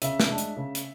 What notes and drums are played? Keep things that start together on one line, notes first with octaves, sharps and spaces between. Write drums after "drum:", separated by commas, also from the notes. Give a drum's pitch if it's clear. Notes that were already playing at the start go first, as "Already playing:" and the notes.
C#3 E5, drum: hi-hat
drum: snare
G#3 D4
drum: hi-hat
C#3
drum: hi-hat